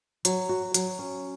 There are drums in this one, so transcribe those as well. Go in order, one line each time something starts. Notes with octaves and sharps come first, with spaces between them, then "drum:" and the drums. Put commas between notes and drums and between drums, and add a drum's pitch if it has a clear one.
F#3, drum: hi-hat
F#4
F#3, drum: hi-hat
C#4